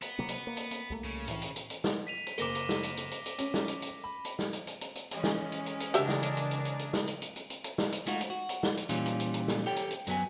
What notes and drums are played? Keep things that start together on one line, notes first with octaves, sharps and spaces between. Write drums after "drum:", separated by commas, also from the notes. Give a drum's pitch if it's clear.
B3, drum: hi-hat
C3 F#3 A#3
drum: hi-hat
A#3
drum: hi-hat
drum: hi-hat
C2 A3 A#3
C#3
A2 E3, drum: hi-hat
drum: hi-hat
drum: hi-hat
drum: hi-hat
drum: snare
B6 D#7 F7
drum: hi-hat
F#1 A#3 D6 A#6 G7, drum: hi-hat
drum: hi-hat
drum: snare
drum: hi-hat
drum: hi-hat
drum: hi-hat
drum: hi-hat
C#4, drum: hi-hat
drum: snare
drum: hi-hat
drum: hi-hat
B5
drum: hi-hat
drum: snare
drum: hi-hat
drum: hi-hat
drum: hi-hat
drum: hi-hat
E3 G#3 C#4, drum: hi-hat
drum: snare
drum: hi-hat
drum: hi-hat
drum: hi-hat
C#3 E3 D4 F#4 G4 A#4 E5, drum: hi-hat
drum: snare
drum: hi-hat
drum: hi-hat
drum: hi-hat
drum: hi-hat
drum: hi-hat
drum: snare
drum: hi-hat
drum: hi-hat
drum: hi-hat
drum: hi-hat
drum: hi-hat
drum: snare
drum: hi-hat
G#3 A3 D#4 F4 F#4, drum: hi-hat
drum: hi-hat
F#4
drum: hi-hat
drum: snare
drum: hi-hat
A#2 E3 G3 C#4 D#4 F4, drum: hi-hat
drum: hi-hat
drum: hi-hat
drum: hi-hat
drum: snare
G4 A4 C#5 G5
drum: hi-hat
drum: hi-hat
F#2 F#3 B3 G#5, drum: hi-hat